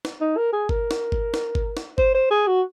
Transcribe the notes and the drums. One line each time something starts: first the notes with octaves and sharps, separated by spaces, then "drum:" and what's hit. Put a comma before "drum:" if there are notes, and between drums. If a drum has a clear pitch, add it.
drum: snare
D#4
A#4
G#4
A#4, drum: kick G1
drum: snare
drum: kick G1
drum: snare
drum: kick G1
drum: snare
C5, drum: kick G1
C5
G#4
F#4